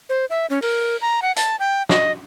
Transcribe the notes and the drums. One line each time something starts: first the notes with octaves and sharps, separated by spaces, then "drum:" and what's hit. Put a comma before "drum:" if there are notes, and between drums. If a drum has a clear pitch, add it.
C5
E5
C#4
A#4, drum: open hi-hat
A#5
F#5
A5, drum: hi-hat
G5
D#5, drum: snare